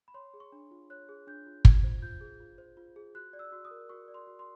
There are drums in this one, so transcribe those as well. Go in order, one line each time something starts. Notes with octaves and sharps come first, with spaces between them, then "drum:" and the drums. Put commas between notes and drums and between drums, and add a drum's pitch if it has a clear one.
B5
C#5 C6
G#4
C#6
D4
F4
C#5 F#6
G#4
D4 G6
F4
F4 G#6, drum: kick
C5
F4 G6
G#4
F4
C5
F4
G#4
F#4 F#6
D5
E6
F#4
D#6
A#4
F#4 C#6
D5
C6
F#4
C6